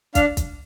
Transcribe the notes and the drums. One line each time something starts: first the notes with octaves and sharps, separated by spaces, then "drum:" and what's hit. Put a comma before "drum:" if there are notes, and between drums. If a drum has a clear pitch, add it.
D4 F5, drum: kick, hi-hat
drum: kick, hi-hat